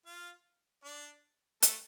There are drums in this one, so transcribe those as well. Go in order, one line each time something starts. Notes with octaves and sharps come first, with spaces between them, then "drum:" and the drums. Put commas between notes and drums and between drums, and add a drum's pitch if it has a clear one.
F4 F5
D4 D5
A3 A4, drum: hi-hat